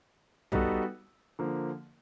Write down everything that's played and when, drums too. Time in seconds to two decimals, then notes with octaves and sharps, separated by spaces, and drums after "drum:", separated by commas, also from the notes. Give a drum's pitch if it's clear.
0.52 G3 B3 D#4 F#4 A4, drum: tom
1.39 D3 F3 A#3